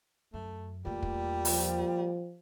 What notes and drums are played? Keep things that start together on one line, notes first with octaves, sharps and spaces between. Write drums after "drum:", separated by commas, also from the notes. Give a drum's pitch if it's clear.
F#2 A3
E2 A#2 G3 A3
drum: kick
F3, drum: open hi-hat